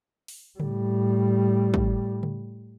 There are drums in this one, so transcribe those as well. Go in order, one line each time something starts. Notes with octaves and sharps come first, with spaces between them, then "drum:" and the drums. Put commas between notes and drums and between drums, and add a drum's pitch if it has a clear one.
drum: open hi-hat
A2 G3, drum: tom C#3
drum: kick
drum: tom C#3